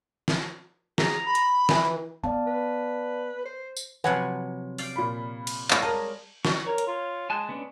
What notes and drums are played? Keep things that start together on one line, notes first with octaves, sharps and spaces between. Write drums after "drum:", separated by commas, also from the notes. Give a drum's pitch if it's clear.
drum: snare
G#4 A#5, drum: snare
B5
drum: hi-hat
E3, drum: snare
B3 D5 F5 A5
B4
C5
drum: tambourine
C3 F3 F#3 B4 F#5 G#5
D5 F5 G5, drum: open hi-hat
A#2 B5
drum: cymbal
G3 G#3 C#5 F5, drum: clap
A#4 D#5 A5
D4 C#6, drum: snare
A#4 C#5
drum: hi-hat
F4
G#3 G#5 A5 F#6
B3 C#4 D4